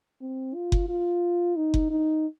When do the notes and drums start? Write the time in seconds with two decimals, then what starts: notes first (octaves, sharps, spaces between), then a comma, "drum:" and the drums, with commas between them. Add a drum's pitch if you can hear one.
0.22 C4
0.55 F4
0.72 drum: kick F#1
0.89 F4
1.56 D#4
1.74 drum: kick F#1
1.91 D#4